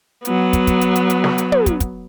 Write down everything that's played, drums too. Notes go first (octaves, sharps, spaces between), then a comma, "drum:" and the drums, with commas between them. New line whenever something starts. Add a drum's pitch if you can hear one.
F#3 B3, drum: hi-hat
drum: kick, hi-hat
drum: kick, hi-hat
drum: hi-hat
drum: hi-hat
drum: hi-hat
drum: snare
drum: hi-hat
drum: tom
drum: kick, hi-hat
drum: kick, hi-hat